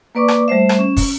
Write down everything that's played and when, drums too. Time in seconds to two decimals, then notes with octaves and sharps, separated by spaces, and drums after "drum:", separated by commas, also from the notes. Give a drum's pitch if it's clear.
0.15 A#3 B4 D5 C#6 D6
0.28 drum: rim click
0.48 G3 A3 C5 E5
0.69 drum: rim click
0.79 C#4
0.97 drum: kick, open hi-hat